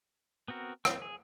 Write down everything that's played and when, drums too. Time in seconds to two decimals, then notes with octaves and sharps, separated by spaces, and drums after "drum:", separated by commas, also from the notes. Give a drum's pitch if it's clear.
0.48 B3 C4 F#4 A#4
0.85 C4, drum: rim click
1.02 G#4